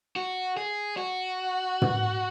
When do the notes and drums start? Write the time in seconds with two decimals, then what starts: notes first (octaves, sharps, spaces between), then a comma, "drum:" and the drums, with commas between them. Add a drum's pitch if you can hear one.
0.16 F#4
0.57 G#4
0.97 F#4
1.82 drum: tom